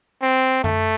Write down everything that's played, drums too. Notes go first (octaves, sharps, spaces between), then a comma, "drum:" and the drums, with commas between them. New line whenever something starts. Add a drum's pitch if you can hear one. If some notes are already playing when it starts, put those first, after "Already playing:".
C4
A3, drum: tom F#2